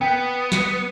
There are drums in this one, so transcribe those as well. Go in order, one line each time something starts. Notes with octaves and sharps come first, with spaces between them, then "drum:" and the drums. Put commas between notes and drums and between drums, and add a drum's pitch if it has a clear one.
B3 G5
C#7, drum: snare